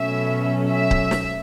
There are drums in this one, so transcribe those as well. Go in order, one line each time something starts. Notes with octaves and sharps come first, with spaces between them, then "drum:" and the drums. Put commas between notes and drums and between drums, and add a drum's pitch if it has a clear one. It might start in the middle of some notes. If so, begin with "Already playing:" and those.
Already playing: B2 F#3 A3 C#4 E5
E5
drum: kick C#1
drum: snare